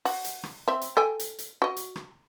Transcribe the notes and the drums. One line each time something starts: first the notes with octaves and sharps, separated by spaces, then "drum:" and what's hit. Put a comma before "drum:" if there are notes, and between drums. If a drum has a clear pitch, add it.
F#4, drum: open hi-hat
drum: hi-hat
drum: rim click
C4 E5
drum: hi-hat
A4 G5 G#5
drum: hi-hat
drum: hi-hat
F#4 D#5
drum: hi-hat
drum: rim click